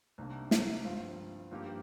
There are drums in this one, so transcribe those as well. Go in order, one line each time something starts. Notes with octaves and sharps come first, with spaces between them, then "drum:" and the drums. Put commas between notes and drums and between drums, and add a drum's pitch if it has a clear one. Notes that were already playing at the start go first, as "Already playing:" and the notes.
C2 C3 D#3 A#3 D4
drum: snare
G2 F3 C4 F4
G2 F3 A#3 D#4 G4